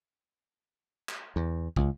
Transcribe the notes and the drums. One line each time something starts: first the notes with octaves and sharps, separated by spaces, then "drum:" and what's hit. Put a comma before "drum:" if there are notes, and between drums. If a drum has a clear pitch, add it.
drum: clap
E2
C#2, drum: kick